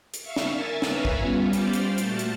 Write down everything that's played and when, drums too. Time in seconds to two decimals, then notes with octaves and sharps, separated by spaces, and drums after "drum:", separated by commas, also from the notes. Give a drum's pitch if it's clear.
0.14 drum: hi-hat
0.23 E5 F5 C#6
0.36 drum: snare
0.53 A#4 E5 G#5 A6
0.82 B4 C#5 E5 F5 G#5 A#5, drum: snare
1.05 drum: kick
1.19 G3 B3 C#4 F4
1.53 G4 C5 D5 F5 G5, drum: hi-hat
1.73 drum: hi-hat
1.98 A#2 A3 F#4 A5, drum: hi-hat
2.19 drum: hi-hat